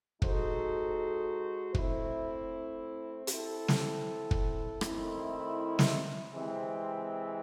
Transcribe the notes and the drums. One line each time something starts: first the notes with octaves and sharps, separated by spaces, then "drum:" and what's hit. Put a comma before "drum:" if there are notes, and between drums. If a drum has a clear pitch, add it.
G#3 D#4 F#4 A4 C5, drum: kick
A3 C4 E4, drum: kick
C4 E4 A4, drum: hi-hat
drum: snare
drum: kick
D#3 A3 C4 E4, drum: rim click
drum: snare
C3 E3 G#3 C4